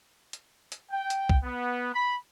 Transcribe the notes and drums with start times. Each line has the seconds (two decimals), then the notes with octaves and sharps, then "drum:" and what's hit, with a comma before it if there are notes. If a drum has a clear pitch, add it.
0.33 drum: hi-hat
0.72 drum: hi-hat
0.91 G5
1.10 drum: hi-hat
1.29 drum: kick
1.43 B3
1.93 B5